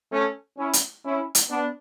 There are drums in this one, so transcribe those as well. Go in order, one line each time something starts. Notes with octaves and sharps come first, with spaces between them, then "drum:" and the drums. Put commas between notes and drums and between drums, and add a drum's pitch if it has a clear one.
A3 C#4
C#4 E4
drum: hi-hat
C#4 E4
drum: hi-hat
B3 D4